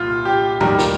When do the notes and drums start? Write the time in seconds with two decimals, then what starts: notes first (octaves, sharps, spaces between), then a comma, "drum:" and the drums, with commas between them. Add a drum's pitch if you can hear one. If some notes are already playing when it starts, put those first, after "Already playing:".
Already playing: C2 A#2 F4
0.25 G4
0.61 D#2 D#3 G3 A#4, drum: tom A2
0.78 drum: snare